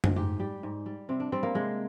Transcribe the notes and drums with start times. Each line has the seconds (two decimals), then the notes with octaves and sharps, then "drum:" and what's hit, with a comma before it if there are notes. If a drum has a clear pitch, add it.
0.04 drum: tom F#2
0.16 G#2 G4
0.39 G3 G4
0.63 G#2
0.86 G3
1.09 C3 C4
1.20 D4
1.32 G3 C4
1.43 A#3
1.54 C3 G#3